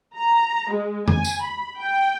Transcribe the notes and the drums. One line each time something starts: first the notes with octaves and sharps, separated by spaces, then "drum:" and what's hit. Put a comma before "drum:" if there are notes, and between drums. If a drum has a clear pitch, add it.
A#5
G#3
G#5, drum: tom F2
drum: tambourine
B5
G5